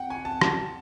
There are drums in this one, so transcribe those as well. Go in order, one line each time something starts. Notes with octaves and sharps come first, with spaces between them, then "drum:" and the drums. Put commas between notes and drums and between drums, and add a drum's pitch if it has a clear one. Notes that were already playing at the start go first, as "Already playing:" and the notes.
Already playing: F#5 G5
G#5
A5
A5, drum: rim click